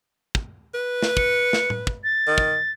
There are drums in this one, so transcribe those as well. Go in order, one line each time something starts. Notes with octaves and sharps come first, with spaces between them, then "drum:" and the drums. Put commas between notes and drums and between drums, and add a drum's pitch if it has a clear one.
drum: kick
B4
drum: snare
C#7, drum: kick
drum: snare
drum: tom A2
drum: kick
A6
D#3
drum: kick